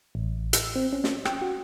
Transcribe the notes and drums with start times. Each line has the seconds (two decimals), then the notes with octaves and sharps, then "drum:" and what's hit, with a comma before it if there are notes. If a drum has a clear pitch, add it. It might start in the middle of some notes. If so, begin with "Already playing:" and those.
0.15 A1
0.53 E6, drum: hi-hat
0.75 C4
0.93 C#4
1.04 drum: snare
1.25 G5, drum: rim click
1.42 F#4